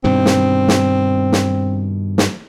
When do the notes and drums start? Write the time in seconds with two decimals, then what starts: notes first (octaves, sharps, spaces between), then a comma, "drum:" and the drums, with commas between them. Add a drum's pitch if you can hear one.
0.04 G2 B2 D#3 C4
0.26 drum: snare
0.68 drum: snare
1.32 drum: snare
2.18 drum: snare